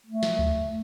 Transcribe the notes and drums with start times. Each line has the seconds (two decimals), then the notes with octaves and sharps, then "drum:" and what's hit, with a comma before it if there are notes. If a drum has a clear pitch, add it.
0.06 A3
0.23 drum: snare
0.39 drum: kick D2